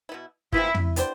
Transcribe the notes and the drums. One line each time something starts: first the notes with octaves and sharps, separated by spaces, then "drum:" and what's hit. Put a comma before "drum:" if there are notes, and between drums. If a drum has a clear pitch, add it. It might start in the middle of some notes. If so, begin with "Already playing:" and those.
B2 B3 E4
C3 E3 B3 E4 F4, drum: kick
drum: tom
B3 D4 G4 C5, drum: hi-hat